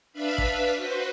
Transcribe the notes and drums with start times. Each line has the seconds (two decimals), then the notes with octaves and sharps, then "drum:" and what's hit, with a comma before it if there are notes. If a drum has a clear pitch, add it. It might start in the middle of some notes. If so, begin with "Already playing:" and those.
0.13 D4 B4 E5 F5 B5
0.38 drum: kick
0.75 F#4 B4 C5